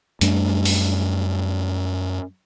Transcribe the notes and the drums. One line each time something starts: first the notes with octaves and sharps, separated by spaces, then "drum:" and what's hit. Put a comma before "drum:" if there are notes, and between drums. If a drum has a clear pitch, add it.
F#2 G3 A3 D4, drum: hi-hat
drum: open hi-hat